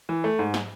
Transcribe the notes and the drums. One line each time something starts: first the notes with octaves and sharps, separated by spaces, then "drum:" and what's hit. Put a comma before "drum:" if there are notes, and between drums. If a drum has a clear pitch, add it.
E3
A3
G#2
drum: snare